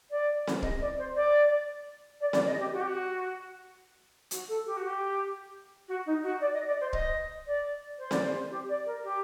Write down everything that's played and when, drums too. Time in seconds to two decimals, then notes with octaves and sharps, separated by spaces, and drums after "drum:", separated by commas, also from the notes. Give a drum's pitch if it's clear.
0.10 D5
0.47 drum: snare C4
0.62 D#5, drum: kick
0.80 D5
0.98 C5
1.15 D5
2.20 D5
2.33 D5, drum: snare C4
2.46 D#5
2.59 G4
2.73 F#4
2.80 G4
2.87 F#4
4.31 F#4, drum: hi-hat
4.48 A4
4.66 G4
4.76 F#4
4.87 G4
5.88 F#4
6.06 D#4
6.23 F#4
6.40 D5
6.53 D#5
6.66 D5
6.80 C5
6.93 D#5, drum: kick
7.46 D5
7.98 C5
8.11 D5, drum: snare C4
8.23 C5
8.51 G4
8.69 D5
8.86 A#4
9.03 G4